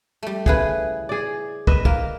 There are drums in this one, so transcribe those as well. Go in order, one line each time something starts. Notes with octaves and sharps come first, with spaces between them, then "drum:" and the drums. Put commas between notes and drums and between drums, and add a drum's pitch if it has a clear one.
G3 A3
C#3 E3 E4 G#4 B4, drum: kick
G#4 D5
B4 D#5 E5, drum: kick
A#3 A#4, drum: kick